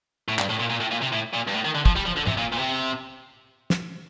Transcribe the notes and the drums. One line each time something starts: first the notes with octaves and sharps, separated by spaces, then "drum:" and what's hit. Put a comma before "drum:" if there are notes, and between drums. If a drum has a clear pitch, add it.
A2
G2, drum: clap
A2
A#2
A#2
A2
A#2
C3
A2
A#2
G2
A2
D#3
D3
F3, drum: kick
G3
F3
D3
C3, drum: tom G#2
A#2
A#2
C3
drum: snare